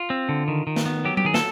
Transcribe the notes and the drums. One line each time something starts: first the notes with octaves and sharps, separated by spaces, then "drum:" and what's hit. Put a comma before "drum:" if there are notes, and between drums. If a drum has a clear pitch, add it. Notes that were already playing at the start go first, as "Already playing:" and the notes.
Already playing: F4
C4
D3
D#3
D#3
drum: snare
B3
F#3 G4
G4, drum: tom F#3
D#3 G#4
A4, drum: snare